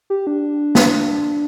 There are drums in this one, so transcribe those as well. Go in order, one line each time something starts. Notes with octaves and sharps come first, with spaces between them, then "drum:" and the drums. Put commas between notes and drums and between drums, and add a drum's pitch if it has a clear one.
G4
D4
drum: snare